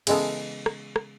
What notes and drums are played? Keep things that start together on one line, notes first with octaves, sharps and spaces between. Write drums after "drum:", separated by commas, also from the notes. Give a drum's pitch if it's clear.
C#3 E3 G#3 B3 A4, drum: cymbal
drum: rim click
drum: rim click